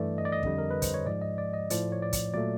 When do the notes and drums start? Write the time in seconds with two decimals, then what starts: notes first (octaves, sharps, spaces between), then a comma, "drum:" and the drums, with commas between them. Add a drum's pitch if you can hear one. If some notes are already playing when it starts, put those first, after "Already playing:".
Already playing: G2 E3 A3 D5
0.18 D#5
0.25 D5
0.32 D#5
0.43 F2 D3 G3, drum: kick
0.58 A#4
0.71 B4
0.82 C5, drum: kick, hi-hat
0.94 C#5
1.06 G#2 F3 G#3 D5
1.22 D#5
1.38 D5
1.54 D#5
1.70 A2 F3 A3 D5, drum: hi-hat
1.92 C#5
2.02 D5
2.13 drum: kick, hi-hat
2.34 A#2 F#3 A3 D5